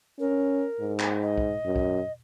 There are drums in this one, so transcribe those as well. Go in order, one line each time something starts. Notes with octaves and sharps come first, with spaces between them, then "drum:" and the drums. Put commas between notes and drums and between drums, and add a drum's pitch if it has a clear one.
C#4 A#4
G#2
drum: clap
D#5
drum: kick B1
F#2
drum: kick B1